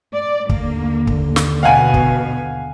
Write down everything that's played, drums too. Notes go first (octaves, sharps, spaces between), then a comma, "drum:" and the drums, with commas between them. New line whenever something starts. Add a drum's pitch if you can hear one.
D5
D#2 D3 A#3, drum: kick
drum: kick
drum: snare
B2 B3 F5 F#5 G#5
drum: kick